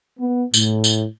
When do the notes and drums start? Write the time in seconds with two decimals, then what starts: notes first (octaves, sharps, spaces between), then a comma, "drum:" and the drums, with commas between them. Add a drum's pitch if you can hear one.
0.19 B3
0.54 A2, drum: tambourine
0.84 drum: tambourine